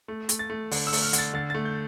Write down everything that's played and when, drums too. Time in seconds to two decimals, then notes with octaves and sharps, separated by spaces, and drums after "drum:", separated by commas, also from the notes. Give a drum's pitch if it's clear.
0.08 A3
0.29 A3, drum: hi-hat
0.39 A6
0.50 A3
0.71 D3, drum: open hi-hat
0.87 E6
0.93 A3, drum: open hi-hat
1.02 F6
1.13 D3, drum: hi-hat
1.18 A6
1.34 D3 A6
1.50 A3 A6
1.65 G6